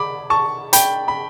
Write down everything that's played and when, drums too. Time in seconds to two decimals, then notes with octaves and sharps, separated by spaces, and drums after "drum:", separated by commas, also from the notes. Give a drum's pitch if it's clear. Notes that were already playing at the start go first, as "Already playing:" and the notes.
Already playing: B5 D6
0.30 A5 C#6
0.73 G5 B5, drum: hi-hat
1.08 B5